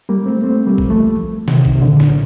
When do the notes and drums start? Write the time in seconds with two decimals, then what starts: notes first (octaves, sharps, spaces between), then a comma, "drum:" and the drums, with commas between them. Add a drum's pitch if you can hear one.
0.09 G3 A#3
0.26 A3 C4
0.44 A3 C4
0.67 G3 A#3
0.78 drum: kick
0.90 F3 A3
1.48 C3 D#3, drum: snare
1.65 drum: kick
1.75 C3
1.82 A#2 D3
2.00 A#2, drum: snare